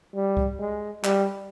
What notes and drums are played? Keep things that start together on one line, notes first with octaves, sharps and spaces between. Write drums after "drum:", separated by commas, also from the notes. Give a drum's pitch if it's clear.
G3
drum: kick C2
G#3
G3, drum: clap